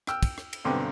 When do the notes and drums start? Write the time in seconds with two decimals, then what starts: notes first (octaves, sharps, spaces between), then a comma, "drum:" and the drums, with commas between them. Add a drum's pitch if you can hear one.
0.07 G5 E6 F6, drum: rim click
0.23 drum: kick, cymbal
0.38 drum: rim click
0.53 drum: cymbal
0.65 B1 G2 D3 C4 G4 D6